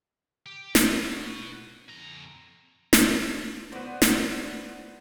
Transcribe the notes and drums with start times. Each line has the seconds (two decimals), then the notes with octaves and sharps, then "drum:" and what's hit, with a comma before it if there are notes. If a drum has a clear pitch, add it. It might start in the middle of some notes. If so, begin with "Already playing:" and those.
0.46 G4
0.75 F#4 B4, drum: snare
1.89 F2 A#5
2.93 drum: snare
3.72 B3 F#4 C5 D5
4.02 drum: snare